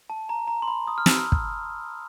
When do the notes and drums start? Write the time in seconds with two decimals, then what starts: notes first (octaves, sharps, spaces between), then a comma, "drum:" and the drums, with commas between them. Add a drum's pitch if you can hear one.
0.10 A5
0.29 A#5
0.48 A#5
0.62 C6
0.68 B5
0.87 D#6
0.98 F6
1.06 E6, drum: snare
1.32 drum: kick